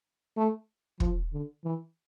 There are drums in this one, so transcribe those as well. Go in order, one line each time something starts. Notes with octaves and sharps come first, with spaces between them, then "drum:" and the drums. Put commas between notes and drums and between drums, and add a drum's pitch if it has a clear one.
A3
F3, drum: kick
D3
E3